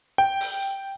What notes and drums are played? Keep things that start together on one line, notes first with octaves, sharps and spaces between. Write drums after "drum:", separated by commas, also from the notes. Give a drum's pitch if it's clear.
G5
drum: open hi-hat